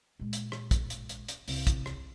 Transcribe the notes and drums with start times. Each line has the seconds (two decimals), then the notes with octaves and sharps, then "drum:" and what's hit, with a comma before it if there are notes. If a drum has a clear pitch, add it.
0.19 A#2 G#3
0.33 drum: hi-hat
0.52 drum: rim click
0.71 drum: kick, hi-hat
0.90 drum: hi-hat
1.09 drum: hi-hat
1.28 drum: hi-hat
1.48 C2, drum: open hi-hat
1.67 drum: kick, hi-hat
1.86 drum: rim click